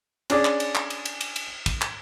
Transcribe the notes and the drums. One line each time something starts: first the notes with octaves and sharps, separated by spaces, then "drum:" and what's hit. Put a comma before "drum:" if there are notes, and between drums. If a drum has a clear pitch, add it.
C#4 D4 G#4 D5, drum: cymbal
drum: clap
drum: cymbal
drum: clap
drum: cymbal
drum: cymbal
drum: cymbal
drum: cymbal
drum: kick, cymbal
drum: clap